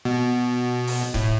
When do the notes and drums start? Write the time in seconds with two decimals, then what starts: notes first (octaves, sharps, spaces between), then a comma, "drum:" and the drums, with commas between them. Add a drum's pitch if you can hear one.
0.05 B2
0.87 drum: open hi-hat
1.14 A2, drum: kick C#1